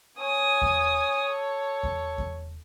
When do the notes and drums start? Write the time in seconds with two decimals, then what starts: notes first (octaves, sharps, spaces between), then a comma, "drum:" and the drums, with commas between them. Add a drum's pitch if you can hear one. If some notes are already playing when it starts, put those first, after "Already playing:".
0.20 C#5 G#5 D#6
0.62 drum: kick E2
1.31 A4
1.83 drum: kick E2
2.18 drum: kick E2